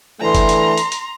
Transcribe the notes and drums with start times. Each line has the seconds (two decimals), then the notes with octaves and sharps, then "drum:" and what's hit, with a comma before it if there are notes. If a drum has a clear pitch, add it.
0.20 D3 E3 A3 A#5 C6
0.35 drum: kick F#1, hi-hat
0.49 drum: hi-hat
0.78 drum: hi-hat
0.92 drum: hi-hat